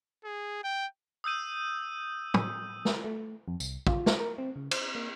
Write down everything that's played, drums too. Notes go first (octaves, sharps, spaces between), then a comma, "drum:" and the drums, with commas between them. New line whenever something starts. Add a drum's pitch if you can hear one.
G#4
G5
D#6 E6 G6 D#7
drum: tom
drum: snare
A3
F2
C2, drum: tambourine
F4, drum: kick
drum: snare
A#4
C4
C#3
C5, drum: cymbal
A#3